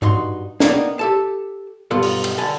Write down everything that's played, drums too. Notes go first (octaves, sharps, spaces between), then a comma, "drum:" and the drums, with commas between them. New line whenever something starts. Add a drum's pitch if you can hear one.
G2 D#4 F#4 C6, drum: tom G#2
A#3 B3 D#4 D5 G5, drum: snare
G4 A4 A5
B1 G2 G3 B3 F4 A4
drum: open hi-hat
drum: cymbal
D3 G#5 A5 B5